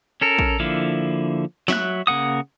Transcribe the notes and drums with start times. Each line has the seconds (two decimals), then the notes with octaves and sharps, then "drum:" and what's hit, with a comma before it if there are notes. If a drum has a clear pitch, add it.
0.21 C#4 A4 A#4
0.39 drum: kick
0.60 D3 F3 A#3 E4 F5
1.68 F#3 E5 F#6, drum: snare
2.07 C#3 A#3 F#5 D#6